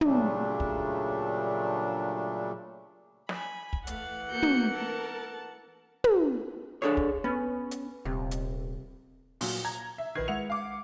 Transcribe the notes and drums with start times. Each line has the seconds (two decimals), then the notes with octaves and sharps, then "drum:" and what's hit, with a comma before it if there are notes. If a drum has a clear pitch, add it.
0.01 A#2 C#3 F#3 G3 A3 D4, drum: tom
0.60 drum: kick
3.29 G#5 B5, drum: snare
3.73 drum: kick
3.87 E3 A3 F5 F#5, drum: hi-hat
4.30 A#3 B3 F#4 G6 C#7
4.43 drum: tom
4.73 A4 A#4 A5
6.04 drum: tom
6.82 D4 G#4 A4 C#5
6.97 drum: kick
7.24 B3 C#4
7.71 drum: hi-hat
8.05 D#1 C3
8.31 drum: hi-hat
9.41 A#2 F#3, drum: open hi-hat
9.65 A#5 G#6
9.98 E5
10.15 A#1 D#3 B4 G#6 C7
10.28 G#3 E4 F#5 C#7 F7
10.50 F5 D6